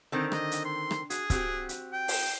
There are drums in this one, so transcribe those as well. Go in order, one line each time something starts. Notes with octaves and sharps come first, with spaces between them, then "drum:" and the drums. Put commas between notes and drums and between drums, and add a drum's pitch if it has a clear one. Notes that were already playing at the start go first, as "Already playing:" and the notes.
D3 D#3 C4 D#5
D#5, drum: rim click
drum: hi-hat
C6
drum: rim click
F#4 G#4, drum: hi-hat
C4 F#4 G4, drum: kick, hi-hat
drum: hi-hat
G5
drum: open hi-hat